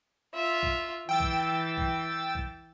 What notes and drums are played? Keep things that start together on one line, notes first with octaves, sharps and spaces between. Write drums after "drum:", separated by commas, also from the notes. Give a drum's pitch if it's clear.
F4 E5
drum: kick
E3 G5 E6 A6
drum: kick
drum: kick
drum: kick